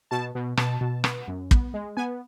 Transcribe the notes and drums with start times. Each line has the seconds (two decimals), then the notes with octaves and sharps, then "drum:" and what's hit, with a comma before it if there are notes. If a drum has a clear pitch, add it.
0.11 B2 A5
0.35 B2
0.57 B2 A5, drum: rim click
0.81 B2
1.04 B3, drum: rim click
1.28 F#2
1.51 B3, drum: kick
1.74 G#3
1.97 B3 G#5